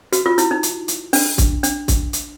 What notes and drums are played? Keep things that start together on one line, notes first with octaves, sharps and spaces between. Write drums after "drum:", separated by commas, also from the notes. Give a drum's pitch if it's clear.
F#4, drum: hi-hat
F4
E4, drum: hi-hat
D#4
drum: hi-hat
drum: hi-hat
D4, drum: open hi-hat
drum: kick, hi-hat
D4, drum: hi-hat
drum: kick, hi-hat
drum: hi-hat